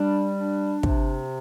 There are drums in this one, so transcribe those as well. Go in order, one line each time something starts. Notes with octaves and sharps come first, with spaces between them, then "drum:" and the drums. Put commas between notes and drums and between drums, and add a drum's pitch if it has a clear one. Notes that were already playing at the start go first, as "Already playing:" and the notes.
Already playing: G3 D4
D4
C3, drum: kick